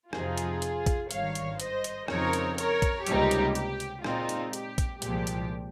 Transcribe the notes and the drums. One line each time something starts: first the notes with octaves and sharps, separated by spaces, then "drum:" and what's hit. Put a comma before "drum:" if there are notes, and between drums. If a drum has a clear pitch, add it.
F2 C3 F3 C4 D#4 F4 G#4, drum: rim click
drum: hi-hat
drum: hi-hat
drum: kick, hi-hat
G#1 G2 D#3 C#5 F5, drum: hi-hat
drum: hi-hat
C5 D#5, drum: hi-hat
drum: hi-hat
F2 C#3 F3 C4 D#4 A#4 C#5, drum: rim click
drum: hi-hat
A#4 C#5, drum: hi-hat
drum: kick, hi-hat
C#2 C3 G3 A#3 D#4 G4, drum: hi-hat
drum: hi-hat
G4, drum: hi-hat
drum: hi-hat
A#2 G#3 C4 D#4 F4, drum: rim click
drum: hi-hat
G4, drum: hi-hat
drum: kick, hi-hat
C2 A#2 F3 G#3 G4, drum: hi-hat
drum: hi-hat